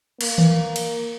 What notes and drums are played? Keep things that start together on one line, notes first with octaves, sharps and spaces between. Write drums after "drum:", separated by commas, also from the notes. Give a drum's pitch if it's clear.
A#3, drum: cymbal
drum: tom D#3
drum: cymbal